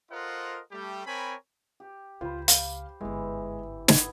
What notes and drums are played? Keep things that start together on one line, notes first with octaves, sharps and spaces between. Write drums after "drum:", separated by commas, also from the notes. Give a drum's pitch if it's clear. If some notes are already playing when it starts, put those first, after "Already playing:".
F4 A4 A#4 C5 D#5 F#5
G3 A3 G4
C4 A#4 C#5 G#5 B5
G4
C#2 F4 C5 B5
F5, drum: hi-hat
G1 G#2 E3 G#3
B3 G#6, drum: snare